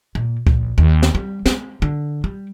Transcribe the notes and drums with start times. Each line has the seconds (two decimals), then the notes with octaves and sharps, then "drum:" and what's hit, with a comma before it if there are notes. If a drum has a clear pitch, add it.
0.15 A#2
0.47 A#1, drum: kick C#2
0.78 D#2
1.03 drum: snare
1.15 G3
1.46 G#3, drum: snare
1.82 D3
2.24 G3